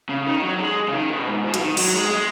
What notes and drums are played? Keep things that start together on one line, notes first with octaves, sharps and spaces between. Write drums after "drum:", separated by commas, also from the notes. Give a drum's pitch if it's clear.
C#3
D#3
F#3
G#3
C#3
D#3
B2
G#2
B2
F#3, drum: hi-hat
D#3
F#3, drum: cymbal
G#3
G#3